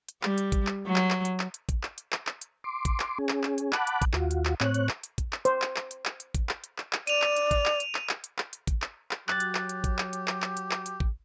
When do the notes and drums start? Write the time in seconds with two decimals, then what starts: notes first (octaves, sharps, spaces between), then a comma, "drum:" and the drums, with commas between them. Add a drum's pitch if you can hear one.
0.09 drum: hi-hat
0.23 G3, drum: clap
0.38 drum: hi-hat
0.52 drum: kick, hi-hat
0.67 drum: clap
0.87 F#3
0.96 drum: clap
1.10 drum: clap
1.25 drum: hi-hat
1.40 drum: clap
1.54 drum: hi-hat
1.69 drum: kick, hi-hat
1.83 drum: clap
1.98 drum: hi-hat
2.12 drum: clap
2.27 drum: clap
2.41 drum: hi-hat
2.64 C6 D6
2.85 drum: kick, hi-hat
3.00 drum: clap
3.19 C#4 G#4
3.29 drum: clap
3.43 drum: clap
3.58 drum: hi-hat
3.73 F#5 A5 B5 D6 F#6, drum: clap
3.87 drum: hi-hat
4.02 drum: kick, hi-hat
4.13 D#2 F4 F#4, drum: clap
4.31 drum: hi-hat
4.45 drum: clap
4.60 A2 C4 C#5 F#6, drum: clap
4.74 drum: hi-hat
4.89 drum: clap
5.03 drum: hi-hat
5.18 drum: kick, hi-hat
5.33 drum: clap
5.45 C5, drum: hi-hat
5.62 drum: clap
5.76 drum: clap
5.91 drum: hi-hat
6.05 drum: clap
6.20 drum: hi-hat
6.35 drum: kick, hi-hat
6.49 drum: clap
6.64 drum: hi-hat
6.78 drum: clap
6.93 drum: clap
7.07 D5 D#7 F7, drum: hi-hat
7.22 drum: clap
7.36 drum: hi-hat
7.51 drum: kick, hi-hat
7.66 drum: clap
7.80 drum: hi-hat
7.95 drum: clap
8.09 drum: clap
8.24 drum: hi-hat
8.38 drum: clap
8.53 drum: hi-hat
8.67 drum: kick, hi-hat
8.82 drum: clap
9.11 drum: clap
9.29 F#3 G4 F#6 A6, drum: clap
9.40 drum: hi-hat
9.55 drum: clap
9.69 drum: hi-hat
9.84 drum: kick, hi-hat
9.98 drum: clap
10.13 drum: hi-hat
10.28 drum: clap
10.42 drum: clap
10.57 drum: hi-hat
10.71 drum: clap
10.86 drum: hi-hat
11.00 drum: kick